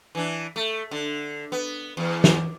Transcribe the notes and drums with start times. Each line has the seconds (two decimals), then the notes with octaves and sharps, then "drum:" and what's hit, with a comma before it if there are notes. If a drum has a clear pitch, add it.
0.15 E3 D4
0.56 A3
0.91 D3
1.52 B3
1.97 E2
2.24 drum: snare